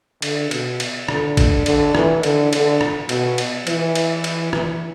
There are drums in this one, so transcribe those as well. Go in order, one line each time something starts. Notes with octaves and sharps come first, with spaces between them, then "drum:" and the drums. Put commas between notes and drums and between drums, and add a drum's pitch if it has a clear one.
D3, drum: cymbal
B2, drum: cymbal
drum: cymbal
D3, drum: rim click
drum: kick A1, cymbal
D3, drum: cymbal
E3, drum: rim click
D3, drum: cymbal
D3, drum: cymbal
drum: rim click
B2, drum: cymbal
drum: cymbal
E3, drum: cymbal
drum: cymbal
drum: cymbal
E3, drum: rim click